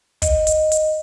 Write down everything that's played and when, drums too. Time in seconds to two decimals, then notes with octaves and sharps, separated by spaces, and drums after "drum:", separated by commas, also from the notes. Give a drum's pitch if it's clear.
0.22 D#5, drum: kick, hi-hat
0.47 drum: hi-hat
0.72 drum: hi-hat